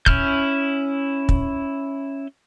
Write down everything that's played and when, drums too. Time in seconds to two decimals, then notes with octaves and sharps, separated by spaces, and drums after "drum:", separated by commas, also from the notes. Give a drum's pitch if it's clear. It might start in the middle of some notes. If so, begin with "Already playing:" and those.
0.06 C#4 E4 F6 G6, drum: kick
1.29 drum: kick